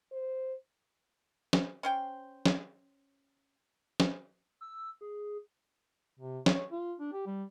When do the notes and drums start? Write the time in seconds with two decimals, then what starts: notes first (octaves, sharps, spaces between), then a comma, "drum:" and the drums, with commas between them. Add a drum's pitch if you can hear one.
0.12 C5
1.53 drum: snare
1.83 C#4 C5 G5
2.46 drum: snare
4.00 drum: snare
4.61 E6
5.01 G#4
6.19 C3
6.46 C#5, drum: snare
6.72 F4
7.00 D4
7.13 G4
7.27 G3